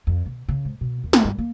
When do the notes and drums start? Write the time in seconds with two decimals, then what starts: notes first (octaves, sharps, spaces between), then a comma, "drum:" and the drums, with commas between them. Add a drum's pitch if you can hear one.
0.07 F2
0.26 B2
0.48 C#3
0.65 G#2
0.81 B2
1.04 D#2
1.13 drum: snare
1.24 G2
1.38 A#3